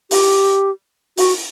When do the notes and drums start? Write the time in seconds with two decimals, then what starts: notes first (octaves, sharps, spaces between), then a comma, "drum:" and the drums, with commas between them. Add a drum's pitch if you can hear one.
0.11 G4, drum: open hi-hat
1.17 F#4, drum: open hi-hat